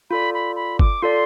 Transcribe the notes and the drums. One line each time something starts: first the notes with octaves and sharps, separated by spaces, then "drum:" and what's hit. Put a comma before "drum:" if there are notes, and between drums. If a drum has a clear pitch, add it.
F4 A4 D5 B5
B5
B5
D6, drum: kick G1
F4 A4 D5 C6